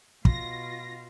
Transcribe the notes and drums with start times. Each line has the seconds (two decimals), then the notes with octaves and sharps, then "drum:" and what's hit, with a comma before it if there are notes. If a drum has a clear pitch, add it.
0.25 B2 F4 A#6, drum: kick